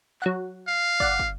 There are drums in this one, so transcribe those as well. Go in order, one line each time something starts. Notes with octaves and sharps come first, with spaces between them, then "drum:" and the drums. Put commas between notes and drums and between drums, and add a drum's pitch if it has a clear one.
F#3 F#5, drum: clap
F5
D5 F#5, drum: kick
drum: kick